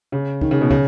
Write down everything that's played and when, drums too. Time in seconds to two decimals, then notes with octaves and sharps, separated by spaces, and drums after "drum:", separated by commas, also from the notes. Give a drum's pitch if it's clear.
0.12 C#3
0.41 D#3, drum: kick
0.51 C#3
0.61 B2
0.71 C#3, drum: kick